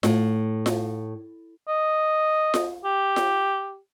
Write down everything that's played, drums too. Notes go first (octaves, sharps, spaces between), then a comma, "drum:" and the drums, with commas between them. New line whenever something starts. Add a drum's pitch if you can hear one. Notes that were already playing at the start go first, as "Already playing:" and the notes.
A2, drum: snare F4
drum: snare F4
D#5
drum: snare F4
G4
drum: snare F4